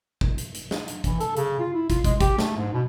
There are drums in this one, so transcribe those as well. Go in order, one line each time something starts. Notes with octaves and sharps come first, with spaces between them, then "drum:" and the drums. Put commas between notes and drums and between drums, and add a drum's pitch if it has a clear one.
drum: kick
drum: hi-hat
drum: hi-hat
drum: snare
drum: hi-hat
E3, drum: kick, hi-hat
A4, drum: hi-hat
C#3, drum: hi-hat
F4
E4
F4, drum: kick, hi-hat
G#3, drum: kick, hi-hat
G4, drum: kick, hi-hat
A3, drum: snare
G#2
B2